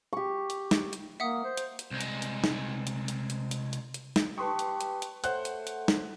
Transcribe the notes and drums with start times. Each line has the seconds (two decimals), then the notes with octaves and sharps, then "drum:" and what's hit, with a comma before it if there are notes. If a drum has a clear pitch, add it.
0.13 G4 C#6
0.50 drum: hi-hat
0.71 drum: snare
0.93 drum: hi-hat
1.20 A#3 E5 F#5 D#6
1.45 C5
1.57 drum: hi-hat
1.79 drum: hi-hat
1.91 C2 G#3
2.01 drum: hi-hat
2.22 drum: hi-hat
2.44 drum: snare
2.87 drum: hi-hat
3.08 drum: hi-hat
3.30 drum: hi-hat
3.51 drum: hi-hat
3.73 drum: hi-hat
3.94 drum: hi-hat
4.16 drum: snare
4.38 G4 B4 A5 C6 C#6 D#6
4.59 drum: hi-hat
4.81 drum: hi-hat
5.02 drum: hi-hat
5.24 A3 C5 C#5 F#5 F#6, drum: hi-hat
5.45 drum: hi-hat
5.67 drum: hi-hat
5.88 drum: snare